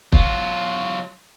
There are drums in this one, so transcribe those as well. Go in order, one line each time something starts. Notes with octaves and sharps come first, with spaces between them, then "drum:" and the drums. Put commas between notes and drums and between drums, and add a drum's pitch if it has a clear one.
F#3 F4, drum: kick